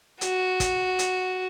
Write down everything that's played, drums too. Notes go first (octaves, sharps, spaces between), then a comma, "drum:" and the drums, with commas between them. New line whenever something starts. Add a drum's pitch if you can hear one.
F#4, drum: hi-hat
drum: kick, hi-hat
drum: hi-hat